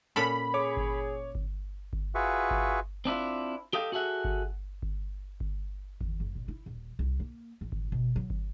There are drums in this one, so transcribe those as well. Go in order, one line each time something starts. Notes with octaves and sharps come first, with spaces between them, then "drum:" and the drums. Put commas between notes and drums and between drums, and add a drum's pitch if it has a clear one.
A#2 C#4 A4 B5
G#4 C#5 D6
drum: kick G1
drum: kick G1
drum: kick G1
F4 F#4 G#4 B4 E5 C#6
drum: kick G1
C4 D4 E4 F4
G4 A4 D#5 F5 G5
F#4 G#4 A4 E5 F#5
drum: kick G1
drum: kick G1
drum: kick G1
E2, drum: kick G1
F#1
A#2
E4
D#1
C2
A#3
A1
drum: kick G1
B2
F#3
drum: kick G1